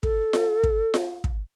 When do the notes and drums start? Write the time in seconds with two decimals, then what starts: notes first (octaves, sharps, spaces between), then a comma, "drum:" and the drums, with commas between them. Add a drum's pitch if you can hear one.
0.03 A4, drum: kick
0.33 drum: snare F4
0.63 drum: kick
0.94 drum: snare F4
1.24 drum: kick